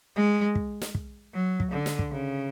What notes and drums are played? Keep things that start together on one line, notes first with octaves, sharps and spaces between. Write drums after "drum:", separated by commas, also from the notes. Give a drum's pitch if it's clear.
G#3
drum: kick
drum: snare
drum: kick
F#3
drum: kick
D3
drum: snare
drum: kick
C#3